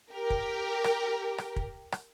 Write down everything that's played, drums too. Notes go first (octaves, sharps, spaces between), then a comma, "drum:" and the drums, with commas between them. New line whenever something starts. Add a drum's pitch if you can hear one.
G4 A#4
drum: kick
drum: rim click
drum: rim click
drum: kick
drum: rim click